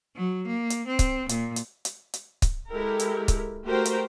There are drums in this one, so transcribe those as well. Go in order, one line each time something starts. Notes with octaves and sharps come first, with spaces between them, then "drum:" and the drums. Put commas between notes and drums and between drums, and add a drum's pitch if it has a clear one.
F#3
A#3
drum: hi-hat
C4
drum: kick C#1, hi-hat
A#2, drum: hi-hat
drum: hi-hat
drum: hi-hat
drum: hi-hat
drum: kick C#1, hi-hat
G#3 E4 G4 A4 A#4
drum: hi-hat
drum: kick C#1, hi-hat
A3 F#4 G4 A#4 C5 G5
drum: hi-hat